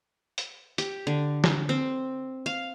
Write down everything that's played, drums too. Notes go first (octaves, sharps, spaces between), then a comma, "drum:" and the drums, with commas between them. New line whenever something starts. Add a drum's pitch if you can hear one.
drum: hi-hat
G4, drum: hi-hat
D3
drum: snare
C4
F5